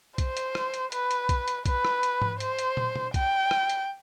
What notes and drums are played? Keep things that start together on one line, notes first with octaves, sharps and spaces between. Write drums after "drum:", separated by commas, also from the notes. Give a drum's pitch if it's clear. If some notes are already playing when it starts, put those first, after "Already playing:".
C5, drum: kick B1, hi-hat
drum: hi-hat
drum: rim click
drum: hi-hat
B4, drum: hi-hat
drum: hi-hat
drum: kick B1, hi-hat
drum: hi-hat
B4, drum: kick B1, hi-hat
drum: rim click
drum: hi-hat
drum: tom G#2
C5, drum: hi-hat
drum: hi-hat
drum: tom
drum: tom
G5, drum: kick B1, hi-hat
drum: rim click
drum: hi-hat